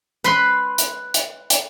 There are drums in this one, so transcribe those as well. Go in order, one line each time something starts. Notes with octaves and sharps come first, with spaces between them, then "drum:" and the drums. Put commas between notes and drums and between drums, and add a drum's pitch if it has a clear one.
B4 B5 C6
drum: hi-hat
drum: hi-hat
drum: hi-hat